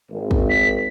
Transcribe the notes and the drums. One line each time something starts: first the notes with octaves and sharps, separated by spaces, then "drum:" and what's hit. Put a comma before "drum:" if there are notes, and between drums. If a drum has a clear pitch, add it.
G#1
drum: kick
B6